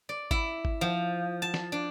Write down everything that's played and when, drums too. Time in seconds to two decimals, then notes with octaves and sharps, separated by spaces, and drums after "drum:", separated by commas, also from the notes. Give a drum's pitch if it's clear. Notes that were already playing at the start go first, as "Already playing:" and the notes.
0.09 D5
0.31 E4, drum: kick G#1
0.65 drum: kick G#1
0.81 F3
1.42 A5
1.54 drum: snare
1.72 D4